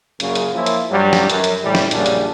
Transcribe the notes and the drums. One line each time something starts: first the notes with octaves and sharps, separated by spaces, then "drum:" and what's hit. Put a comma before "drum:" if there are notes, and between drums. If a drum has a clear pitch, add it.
F#2 A#2 C#3, drum: hi-hat
drum: hi-hat
F3 A#3 C#4 E4 F4
drum: hi-hat
G2 F#3 G3
drum: snare
F#2, drum: hi-hat
drum: hi-hat
A2 E3 G3
drum: snare
A#1 F#2 A#2 C#3 G3 D4, drum: hi-hat
drum: hi-hat